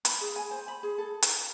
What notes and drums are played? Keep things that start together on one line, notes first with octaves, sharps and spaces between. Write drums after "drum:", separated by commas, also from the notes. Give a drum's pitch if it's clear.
B5, drum: hi-hat
G#4
G#5
C5
B5
G#4
A4
drum: hi-hat